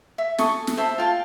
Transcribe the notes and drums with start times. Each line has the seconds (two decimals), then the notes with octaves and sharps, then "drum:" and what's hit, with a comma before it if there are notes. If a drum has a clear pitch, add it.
0.18 E5
0.38 A4 G#5 C#6 D#6, drum: snare
0.67 drum: snare
0.77 C5 E5 A5 B5
0.98 F4 G5 A5